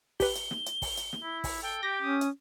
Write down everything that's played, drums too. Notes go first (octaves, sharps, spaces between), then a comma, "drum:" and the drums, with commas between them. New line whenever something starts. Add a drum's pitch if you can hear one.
G4 B4 G7, drum: kick, open hi-hat
drum: hi-hat
drum: snare
drum: hi-hat
drum: kick, open hi-hat
drum: hi-hat
drum: snare
E4
drum: kick, open hi-hat
A4 G5
G4 A#6
C#4 D#6
drum: hi-hat